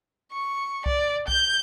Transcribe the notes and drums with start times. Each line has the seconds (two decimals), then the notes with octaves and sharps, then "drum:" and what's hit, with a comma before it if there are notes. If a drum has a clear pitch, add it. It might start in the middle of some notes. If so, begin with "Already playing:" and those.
0.33 C#6
0.86 D5, drum: kick C2
1.28 G6, drum: kick C2